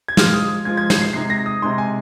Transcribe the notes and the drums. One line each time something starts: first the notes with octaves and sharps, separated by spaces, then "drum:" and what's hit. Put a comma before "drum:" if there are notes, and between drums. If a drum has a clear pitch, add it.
G#6
F3 G#3 F4 F6, drum: snare
D#6
F3 G#3 F4 G#6
G#6
C7, drum: snare
C7
C3 G#3 D#4 C7
A#6
D#6
C3 G#3 D#4 C6
G#5